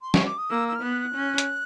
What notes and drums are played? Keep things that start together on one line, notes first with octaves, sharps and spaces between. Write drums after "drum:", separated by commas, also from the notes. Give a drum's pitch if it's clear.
C6
C#6, drum: snare
D6
D#6
A#3 E6
E6
F6
B3 F#6
C#4
drum: hi-hat